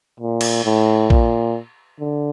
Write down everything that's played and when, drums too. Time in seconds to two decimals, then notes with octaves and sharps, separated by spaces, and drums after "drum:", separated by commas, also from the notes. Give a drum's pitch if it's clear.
0.20 A#2
0.41 drum: cymbal
0.65 A2
1.10 A#2, drum: kick A#1
2.00 D3